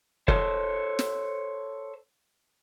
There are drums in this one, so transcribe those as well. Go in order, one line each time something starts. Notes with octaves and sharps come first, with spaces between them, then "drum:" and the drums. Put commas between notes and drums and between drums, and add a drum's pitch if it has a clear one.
A4 C5 C#5, drum: kick
drum: snare